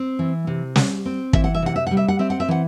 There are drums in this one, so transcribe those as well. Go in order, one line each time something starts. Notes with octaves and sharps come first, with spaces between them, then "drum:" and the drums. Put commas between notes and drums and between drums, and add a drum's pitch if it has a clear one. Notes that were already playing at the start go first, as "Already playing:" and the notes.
Already playing: C4
E3
C3
G3, drum: snare
C4
E3 E5, drum: kick
F#5
E5
C3 F#5
E5
G3 F#5
E5
F#5
C4 E5
F#5
E5
E3 F#5